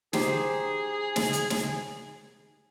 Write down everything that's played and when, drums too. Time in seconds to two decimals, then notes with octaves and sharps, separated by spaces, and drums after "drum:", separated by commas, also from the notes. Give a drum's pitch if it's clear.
0.13 D#4 G4 G#4 C5, drum: snare
1.16 drum: snare
1.33 drum: hi-hat
1.50 drum: snare